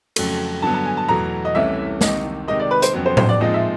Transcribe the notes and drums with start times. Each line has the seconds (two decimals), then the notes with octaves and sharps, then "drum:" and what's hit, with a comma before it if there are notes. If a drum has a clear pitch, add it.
0.16 F2 C#3 F#3 A3, drum: cymbal
0.62 G2 D3 F#3 B3 A5
0.74 A5
0.85 G#5
0.97 A5
1.08 E2 B2 F#3 A3 A#5
1.45 D#5
1.55 C2 C3 E3 A3 C#4 E5
2.01 C2 C3 D#3 D#5, drum: snare
2.48 C3 D#3 G#3 D#5
2.60 D5
2.71 B4
2.82 C5, drum: hi-hat
2.93 F2 C#3 F#3 B3
3.06 C5
3.17 C5, drum: tom A2
3.29 D5
3.40 A#2 F3 G#3 C4 D#4 D#5
3.54 E5